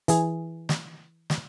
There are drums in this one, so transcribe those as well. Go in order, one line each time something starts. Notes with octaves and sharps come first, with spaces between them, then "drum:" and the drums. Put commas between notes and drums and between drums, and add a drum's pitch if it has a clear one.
E3 G#4, drum: hi-hat
drum: snare
drum: snare